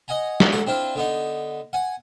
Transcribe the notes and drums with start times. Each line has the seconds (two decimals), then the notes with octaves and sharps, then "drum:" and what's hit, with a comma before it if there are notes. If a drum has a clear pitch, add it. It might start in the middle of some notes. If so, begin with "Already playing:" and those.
0.08 D#5 F#5 G#5 A#5
0.40 drum: snare
0.52 A4 F#5
0.67 C4 D4 E4 F4
0.95 D3 B3 D#4
1.73 F#5 G#5